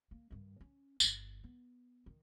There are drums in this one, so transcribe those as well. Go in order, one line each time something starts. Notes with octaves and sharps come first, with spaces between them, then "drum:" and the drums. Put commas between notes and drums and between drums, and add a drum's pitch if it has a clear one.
A#3
G2 D#3
C#4
G1 D#3, drum: tambourine
B3
D#3